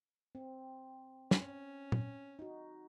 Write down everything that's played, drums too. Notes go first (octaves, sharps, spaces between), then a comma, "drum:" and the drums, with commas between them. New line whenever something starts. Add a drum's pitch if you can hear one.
C4
C#4, drum: snare
drum: tom
D#4 F#4